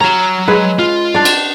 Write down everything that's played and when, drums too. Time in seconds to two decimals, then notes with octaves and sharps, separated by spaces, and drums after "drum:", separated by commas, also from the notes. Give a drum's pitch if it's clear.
0.01 F#3 C#4 A#5
0.48 G#3 G#4 B4
0.79 F4
1.14 D4 D5
1.25 drum: cymbal